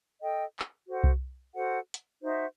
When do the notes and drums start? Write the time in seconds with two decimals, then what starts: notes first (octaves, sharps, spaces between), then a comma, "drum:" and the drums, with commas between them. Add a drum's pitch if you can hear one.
0.21 A4 D#5 G5
0.59 drum: clap
0.88 F#4 A4 C5 F#5
1.04 drum: kick C2
1.55 F#4 A4 C5 F#5
1.94 drum: hi-hat
2.21 D#4 F#4 C5 E5